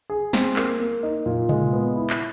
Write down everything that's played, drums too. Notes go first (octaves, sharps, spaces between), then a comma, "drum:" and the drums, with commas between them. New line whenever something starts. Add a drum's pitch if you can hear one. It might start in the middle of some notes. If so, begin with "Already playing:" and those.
G#4
C4, drum: snare
A#3, drum: clap
A#3
D#4
A#2
G#3, drum: tom C3
B3
E4
drum: clap